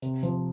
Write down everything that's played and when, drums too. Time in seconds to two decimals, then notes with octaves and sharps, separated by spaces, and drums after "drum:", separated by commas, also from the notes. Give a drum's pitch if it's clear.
0.02 C3, drum: hi-hat
0.23 F3, drum: hi-hat